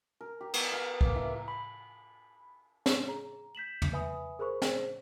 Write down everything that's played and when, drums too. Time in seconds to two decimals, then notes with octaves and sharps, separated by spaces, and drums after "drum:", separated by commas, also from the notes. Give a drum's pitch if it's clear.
0.21 A#4
0.41 G4
0.54 B3, drum: cymbal
0.72 F5
1.01 A#3, drum: kick
1.15 E4
1.48 B5
2.86 drum: snare
3.08 G#4 A#5
3.55 G6 B6 E7 F#7
3.82 drum: tom
3.93 B4 E5 G#5 B5 D#6
4.39 G#4 A#4 C5 B5 C#6
4.62 G#4 C5, drum: snare